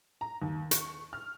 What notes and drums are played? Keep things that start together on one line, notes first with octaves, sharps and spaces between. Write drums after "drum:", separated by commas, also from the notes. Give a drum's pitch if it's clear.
A#5
D#2
C#6, drum: hi-hat
F6